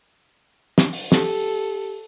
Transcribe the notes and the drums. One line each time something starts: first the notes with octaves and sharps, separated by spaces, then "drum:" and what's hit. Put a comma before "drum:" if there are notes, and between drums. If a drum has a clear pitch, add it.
drum: snare
drum: open hi-hat
G4 A4, drum: snare